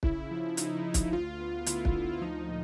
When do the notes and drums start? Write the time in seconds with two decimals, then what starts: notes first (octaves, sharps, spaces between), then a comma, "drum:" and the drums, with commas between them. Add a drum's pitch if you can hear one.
0.03 C#3 E4, drum: kick
0.31 F3
0.57 F3 D#4, drum: hi-hat
0.85 C#3
0.94 drum: kick, hi-hat
1.12 D2 F4
1.40 B3
1.66 D3 E4, drum: hi-hat
1.85 drum: kick
1.94 D2
2.21 F3 D#4
2.48 A#2